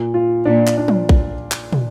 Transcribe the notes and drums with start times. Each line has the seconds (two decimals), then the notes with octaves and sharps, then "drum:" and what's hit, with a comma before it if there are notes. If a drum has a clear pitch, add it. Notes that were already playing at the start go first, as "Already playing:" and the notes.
Already playing: A#2
0.14 F4
0.45 A#2 D4
0.67 drum: clap
0.78 D4
0.88 drum: tom
1.09 drum: kick A#1
1.51 drum: clap
1.73 drum: tom